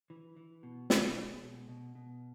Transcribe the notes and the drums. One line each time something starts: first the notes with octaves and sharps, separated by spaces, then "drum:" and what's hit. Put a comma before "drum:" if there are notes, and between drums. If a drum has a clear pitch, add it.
E3
E3
B2
B2, drum: snare
G#3
B2
B2
B2